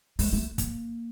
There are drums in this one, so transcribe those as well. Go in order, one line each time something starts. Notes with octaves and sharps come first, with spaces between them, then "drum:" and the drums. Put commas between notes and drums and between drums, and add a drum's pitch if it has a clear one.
G#3, drum: open hi-hat
A3
A#3, drum: kick, hi-hat